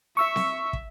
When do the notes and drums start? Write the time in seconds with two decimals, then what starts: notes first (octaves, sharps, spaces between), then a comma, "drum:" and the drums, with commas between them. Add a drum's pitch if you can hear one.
0.17 E5 C#6 E6
0.36 drum: snare C4
0.73 drum: kick